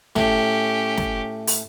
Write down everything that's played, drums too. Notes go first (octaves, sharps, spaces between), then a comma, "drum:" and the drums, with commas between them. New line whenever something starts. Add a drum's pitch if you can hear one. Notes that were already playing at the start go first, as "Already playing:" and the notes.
A2 C#4 G4, drum: snare
drum: snare
drum: open hi-hat